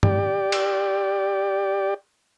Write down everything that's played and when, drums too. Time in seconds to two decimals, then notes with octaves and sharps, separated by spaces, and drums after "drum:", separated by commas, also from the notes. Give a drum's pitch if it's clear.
0.03 G4 D5, drum: tom G2
0.52 drum: cymbal